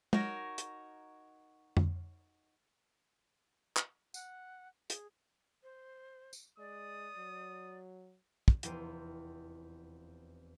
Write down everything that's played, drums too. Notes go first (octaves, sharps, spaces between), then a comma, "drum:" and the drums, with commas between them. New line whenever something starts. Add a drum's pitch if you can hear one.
D#4 F#4 A#4 C#5, drum: tom
drum: hi-hat
drum: tom F2
drum: clap
F#5, drum: tambourine
G#4, drum: hi-hat
C5
drum: tambourine
G#3 D5 D#6
F#3
drum: kick
F1 E2 C5 G5 D#7, drum: hi-hat